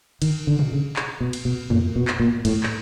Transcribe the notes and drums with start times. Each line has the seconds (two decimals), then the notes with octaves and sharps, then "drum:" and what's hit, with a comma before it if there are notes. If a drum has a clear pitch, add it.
0.22 D#3, drum: cymbal
0.47 D3
0.59 drum: tom A#2
0.72 C#3
0.96 drum: clap
1.21 B2
1.33 drum: cymbal
1.45 B2
1.70 A#2, drum: tom F2
1.96 B2
2.08 drum: clap
2.20 A#2
2.45 A2, drum: cymbal
2.63 drum: clap